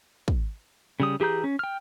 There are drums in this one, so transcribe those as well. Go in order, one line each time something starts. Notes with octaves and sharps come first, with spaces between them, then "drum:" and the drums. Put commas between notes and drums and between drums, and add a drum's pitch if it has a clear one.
drum: kick
C#3 G3 D#6
E3 G4 G#4 A#5 G6
C#4
G5 F6